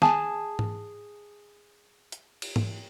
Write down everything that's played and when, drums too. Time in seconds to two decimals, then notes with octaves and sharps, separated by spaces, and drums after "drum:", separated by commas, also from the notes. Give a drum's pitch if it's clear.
0.02 G#4 A5, drum: snare
0.59 drum: tom G#2
2.12 drum: hi-hat
2.42 drum: cymbal
2.56 drum: tom G#2